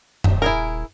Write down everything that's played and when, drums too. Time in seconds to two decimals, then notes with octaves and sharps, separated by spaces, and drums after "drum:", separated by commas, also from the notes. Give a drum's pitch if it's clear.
0.24 D#1, drum: tom F#2
0.42 E4 G#4 A#4